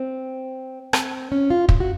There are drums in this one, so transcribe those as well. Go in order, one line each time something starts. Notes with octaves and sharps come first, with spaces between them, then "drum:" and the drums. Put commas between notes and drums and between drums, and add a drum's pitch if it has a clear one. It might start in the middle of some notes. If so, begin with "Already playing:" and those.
Already playing: C4
C4, drum: rim click
C#4
F4
F4, drum: kick
F#4